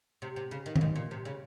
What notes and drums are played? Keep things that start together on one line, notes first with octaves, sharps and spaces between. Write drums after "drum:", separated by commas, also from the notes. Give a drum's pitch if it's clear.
C3
C3
C#3
D#3
G2, drum: tom
G#2
A#2
C3
C#3